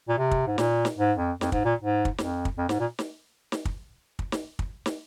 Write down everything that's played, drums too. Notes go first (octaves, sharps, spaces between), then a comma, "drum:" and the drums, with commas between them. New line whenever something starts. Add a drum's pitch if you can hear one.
A#2
C3
drum: kick
G#2
A#2, drum: snare
drum: snare
G#2
F2
F2, drum: snare
G#2, drum: kick
A#2
G#2
drum: kick
F2, drum: snare
drum: kick
F2
G#2, drum: snare
A#2
drum: snare
drum: snare
drum: kick
drum: kick
drum: snare
drum: kick
drum: snare